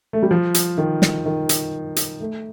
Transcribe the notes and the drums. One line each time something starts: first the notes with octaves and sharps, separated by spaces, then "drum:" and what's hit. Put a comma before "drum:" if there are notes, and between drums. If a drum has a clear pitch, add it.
A3
G3
F3
drum: hi-hat
D#3
drum: snare
D#3
drum: hi-hat
drum: hi-hat
A3